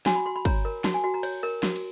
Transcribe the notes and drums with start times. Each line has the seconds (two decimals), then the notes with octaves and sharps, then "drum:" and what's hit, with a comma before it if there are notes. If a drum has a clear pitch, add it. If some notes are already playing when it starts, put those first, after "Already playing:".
0.06 F#4 G#5, drum: snare
0.15 B5
0.26 F#4 C6
0.36 B5
0.45 C#5 A#5, drum: kick, cymbal
0.65 A#4
0.84 F#4 A5, drum: snare
0.94 G#5
1.04 F#4
1.14 A#5
1.23 C#5, drum: cymbal
1.43 A#4
1.63 F#4, drum: snare
1.76 drum: cymbal